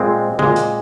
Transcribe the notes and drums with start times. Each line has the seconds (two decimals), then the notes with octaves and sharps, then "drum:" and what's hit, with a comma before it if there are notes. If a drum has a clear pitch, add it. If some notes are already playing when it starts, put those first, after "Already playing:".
Already playing: A#2 G#3 C4
0.39 A#2 G#3, drum: tom
0.56 drum: hi-hat